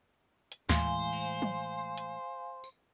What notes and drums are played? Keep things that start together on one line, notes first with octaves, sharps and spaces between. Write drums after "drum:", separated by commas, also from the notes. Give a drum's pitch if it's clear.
drum: hi-hat
D#2 A2 E3 G#3 C5 F5 G#5, drum: snare
drum: cymbal
drum: tom
drum: hi-hat
drum: tambourine